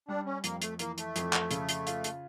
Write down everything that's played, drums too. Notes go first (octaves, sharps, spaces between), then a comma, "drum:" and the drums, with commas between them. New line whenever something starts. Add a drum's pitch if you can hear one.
G3 D4
C#4
F2 A#3, drum: hi-hat
A3, drum: hi-hat
E3 A#3, drum: hi-hat
A3, drum: hi-hat
F2, drum: hi-hat
drum: clap
C#3, drum: hi-hat
drum: hi-hat
F4, drum: hi-hat
drum: hi-hat